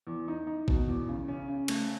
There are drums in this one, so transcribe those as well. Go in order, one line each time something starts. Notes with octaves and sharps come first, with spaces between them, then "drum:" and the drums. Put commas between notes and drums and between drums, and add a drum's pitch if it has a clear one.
E2
D#4
D#4
B2, drum: kick A1
E2
C#3
C#4
C#3
A3, drum: cymbal